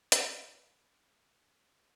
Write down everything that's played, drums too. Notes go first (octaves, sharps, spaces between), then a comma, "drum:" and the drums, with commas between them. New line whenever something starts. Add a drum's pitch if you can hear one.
drum: hi-hat
B5 D6